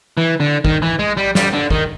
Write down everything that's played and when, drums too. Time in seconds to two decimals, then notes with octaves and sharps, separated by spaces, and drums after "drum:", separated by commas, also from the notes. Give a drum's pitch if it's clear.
0.17 E3
0.40 D3
0.65 D#3, drum: kick G#1
0.82 E3
0.99 G#3
1.17 G3
1.35 G3, drum: snare
1.53 D3
1.70 D#3, drum: kick G#1